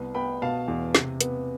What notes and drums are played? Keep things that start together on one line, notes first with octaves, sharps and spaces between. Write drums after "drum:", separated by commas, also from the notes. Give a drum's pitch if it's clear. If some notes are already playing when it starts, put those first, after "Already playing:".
Already playing: C2 B3
B3 G5 B5
B2 F5 A5
E2
C3, drum: snare
B3, drum: hi-hat